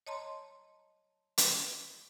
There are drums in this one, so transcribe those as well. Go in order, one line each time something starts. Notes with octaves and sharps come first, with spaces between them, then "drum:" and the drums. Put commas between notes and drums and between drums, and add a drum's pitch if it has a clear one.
C#5 D#5 A5 A#5 C6
drum: hi-hat